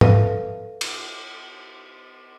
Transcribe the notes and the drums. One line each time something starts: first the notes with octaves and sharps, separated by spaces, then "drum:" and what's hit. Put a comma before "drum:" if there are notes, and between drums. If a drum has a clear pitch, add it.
A4 B4 E5 F5 A5, drum: tom
drum: cymbal